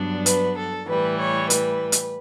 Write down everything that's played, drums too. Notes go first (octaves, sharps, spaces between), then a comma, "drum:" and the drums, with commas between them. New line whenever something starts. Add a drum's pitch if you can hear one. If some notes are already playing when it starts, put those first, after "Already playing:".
Already playing: G2 F#3 B3 D4
B4, drum: hi-hat
A4
A2 E3 G3 B4
C#5
B4, drum: hi-hat
drum: hi-hat